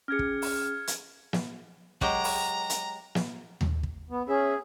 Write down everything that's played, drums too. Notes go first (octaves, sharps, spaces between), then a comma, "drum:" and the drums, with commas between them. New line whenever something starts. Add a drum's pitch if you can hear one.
C#4 G#4 F6 G#6 C#7
drum: kick
drum: open hi-hat
drum: hi-hat
drum: snare
F#3 G#3 G4 A#5, drum: kick
drum: open hi-hat
drum: hi-hat
drum: snare
drum: tom D#2
drum: kick
B3
C#4 G#4 E5